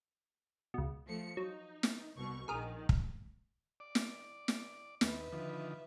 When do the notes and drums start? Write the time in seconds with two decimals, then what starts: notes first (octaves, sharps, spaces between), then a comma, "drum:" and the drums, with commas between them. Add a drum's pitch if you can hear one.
0.74 C#2 B2
1.07 F3 A3 C#7
1.37 F#3 D#4
1.83 drum: snare
2.16 C2 B2 C#6
2.48 A#1 D#3 G#4 A#4 D#6
2.89 drum: kick
3.80 D5
3.95 drum: snare
4.48 drum: snare
5.01 D#2 B4 E5, drum: snare
5.32 D3 D#3 F3